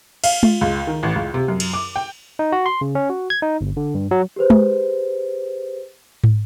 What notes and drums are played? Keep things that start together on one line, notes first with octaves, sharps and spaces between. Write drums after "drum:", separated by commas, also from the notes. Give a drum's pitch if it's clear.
F5, drum: cymbal
F4, drum: tom G#3
C#2
D#3
A1
C#2
C3
F#2
drum: cymbal
D6
G5
D#4
F#4
C6
C#3
C#4
F#4
G#6
D#4
G1
D3
G2
F#3
G4 G#4 B4 C5
drum: tom G#3
drum: tom